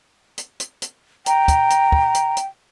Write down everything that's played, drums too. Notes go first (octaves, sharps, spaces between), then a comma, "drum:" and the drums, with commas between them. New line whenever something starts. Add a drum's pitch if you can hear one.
drum: hi-hat
drum: hi-hat
drum: hi-hat
G5 A#5, drum: hi-hat
drum: kick, hi-hat
drum: hi-hat
drum: kick
drum: hi-hat
drum: hi-hat